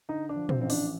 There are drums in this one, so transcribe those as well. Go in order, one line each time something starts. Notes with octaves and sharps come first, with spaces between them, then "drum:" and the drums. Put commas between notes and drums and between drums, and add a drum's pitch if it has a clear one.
D3 D#4
D4
F3
C4, drum: tom A#2
A1 C4
D4, drum: open hi-hat